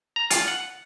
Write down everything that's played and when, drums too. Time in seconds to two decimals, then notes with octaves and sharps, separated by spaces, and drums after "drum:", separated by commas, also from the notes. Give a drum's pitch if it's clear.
0.16 A#5
0.30 F4, drum: hi-hat
0.48 F#5